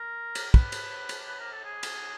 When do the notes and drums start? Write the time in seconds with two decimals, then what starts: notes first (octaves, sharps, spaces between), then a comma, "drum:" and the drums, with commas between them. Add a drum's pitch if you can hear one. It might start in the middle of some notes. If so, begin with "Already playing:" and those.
Already playing: A#4
0.35 drum: cymbal
0.54 B4, drum: kick
0.72 drum: cymbal
1.09 drum: cymbal
1.28 B4
1.40 A#4
1.52 A4
1.64 G#4
1.83 drum: cymbal